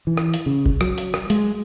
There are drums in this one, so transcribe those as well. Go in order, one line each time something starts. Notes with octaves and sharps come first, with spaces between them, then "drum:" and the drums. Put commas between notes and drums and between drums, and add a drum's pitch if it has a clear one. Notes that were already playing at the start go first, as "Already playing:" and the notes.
E3
drum: rim click
drum: hi-hat
C#3
drum: kick
F#3, drum: rim click
drum: hi-hat
drum: rim click
G#3, drum: hi-hat